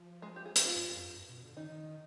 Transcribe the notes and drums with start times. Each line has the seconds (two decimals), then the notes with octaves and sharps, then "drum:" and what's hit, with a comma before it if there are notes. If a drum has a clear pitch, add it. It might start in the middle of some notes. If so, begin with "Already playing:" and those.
Already playing: F3
0.22 G#3
0.36 G4
0.45 G#4
0.56 G4, drum: hi-hat
0.65 F4
0.76 G2
0.96 F2
1.16 G2
1.29 B2
1.43 D3
1.57 D#3 D#4
1.70 D#3
1.84 D#3